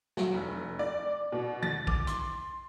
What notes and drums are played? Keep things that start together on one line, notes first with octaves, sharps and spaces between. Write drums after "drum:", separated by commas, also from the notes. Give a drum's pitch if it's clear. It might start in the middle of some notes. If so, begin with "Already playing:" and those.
F#3, drum: snare
F1
D5
B2
A6, drum: tom D3
D6, drum: kick
C6, drum: hi-hat